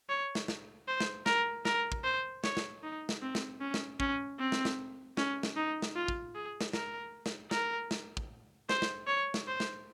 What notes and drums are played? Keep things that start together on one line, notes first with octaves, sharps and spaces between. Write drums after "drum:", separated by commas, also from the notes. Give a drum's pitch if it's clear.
C#5
drum: snare
drum: snare
C5
drum: snare
A#4, drum: snare
A#4, drum: snare
drum: kick
C5
C#5, drum: snare
drum: snare
D#4
drum: snare
C4
drum: snare
C#4
drum: snare
C#4, drum: kick
C4
drum: snare
drum: snare
C#4, drum: snare
drum: snare
D#4
drum: snare
F4
drum: kick
G#4
drum: snare
A#4, drum: snare
drum: snare
A#4, drum: snare
drum: snare
drum: kick
C5, drum: snare
drum: snare
C#5
drum: snare
C5
drum: snare